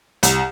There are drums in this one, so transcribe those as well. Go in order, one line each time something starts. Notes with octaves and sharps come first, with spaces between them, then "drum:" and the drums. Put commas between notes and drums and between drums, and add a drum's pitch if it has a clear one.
C2, drum: hi-hat